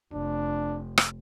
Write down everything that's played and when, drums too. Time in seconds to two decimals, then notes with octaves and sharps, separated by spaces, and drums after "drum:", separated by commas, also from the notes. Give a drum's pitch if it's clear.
0.13 F1 D4
0.98 drum: rim click